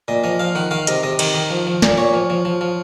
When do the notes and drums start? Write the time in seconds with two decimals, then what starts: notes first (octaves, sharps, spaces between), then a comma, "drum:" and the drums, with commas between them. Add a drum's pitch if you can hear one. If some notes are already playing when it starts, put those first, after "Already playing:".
0.08 A#2 D#5
0.24 F3 D#5
0.39 F3 F5
0.55 D#3 F#5
0.71 D#3 F5
0.87 C3 D#5, drum: hi-hat
1.03 C3 D#5
1.19 D#3, drum: cymbal
1.34 D#3
1.50 F3
1.67 F3
1.82 A#2, drum: snare
1.97 A#2 C#5
2.13 F3
2.30 F3
2.45 F3
2.61 F3